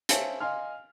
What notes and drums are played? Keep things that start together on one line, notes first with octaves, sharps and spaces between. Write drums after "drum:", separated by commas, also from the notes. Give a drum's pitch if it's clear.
C5 C#5 E5 F5 G#5 A5, drum: hi-hat
D#5 F5 G#5 C6 F6